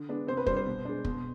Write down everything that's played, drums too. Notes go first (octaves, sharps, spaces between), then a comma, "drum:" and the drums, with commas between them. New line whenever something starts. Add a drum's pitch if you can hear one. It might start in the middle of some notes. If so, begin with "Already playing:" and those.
Already playing: D3
G#3 B3 D4
C3 C5
B4
G3 D4 C5, drum: kick
C5
B2
G#3 D4
B2, drum: kick